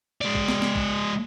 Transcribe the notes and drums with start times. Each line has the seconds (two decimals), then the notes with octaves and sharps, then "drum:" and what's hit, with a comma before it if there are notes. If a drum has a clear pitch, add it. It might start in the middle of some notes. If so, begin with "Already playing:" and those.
0.21 G#3 D5
0.35 drum: kick
0.48 drum: snare
0.62 drum: snare
0.75 drum: kick